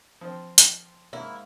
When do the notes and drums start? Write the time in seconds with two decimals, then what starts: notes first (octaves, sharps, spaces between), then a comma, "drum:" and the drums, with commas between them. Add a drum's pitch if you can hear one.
0.21 F3 C4 C6
0.58 drum: hi-hat
1.13 G#2 A#3 E4 F5 F#5